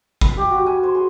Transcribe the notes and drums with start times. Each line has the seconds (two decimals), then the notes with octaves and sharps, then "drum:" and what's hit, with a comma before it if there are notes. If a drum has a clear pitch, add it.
0.21 B4, drum: kick
0.37 G4
0.51 F#4
0.66 G#5
0.83 C5
0.95 G#4